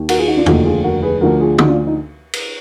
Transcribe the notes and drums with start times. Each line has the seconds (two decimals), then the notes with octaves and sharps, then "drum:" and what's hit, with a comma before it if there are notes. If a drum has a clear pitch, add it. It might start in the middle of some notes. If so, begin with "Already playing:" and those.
Already playing: D#2 D#3
0.09 F#4 A#4, drum: cymbal
0.18 F4 G#4
0.27 D#4 F#4
0.37 D4 F4
0.46 F1 D#2 D3 F3 D#4 F#4, drum: tom E2
0.65 F4 G#4
0.84 F#4 A#4
1.02 G#4 B4
1.21 D2 D3 F3 F#4 A#4
1.40 F4 G#4
1.58 D#4 F#4, drum: tom
1.68 D4 F4
1.87 D#4
2.34 drum: cymbal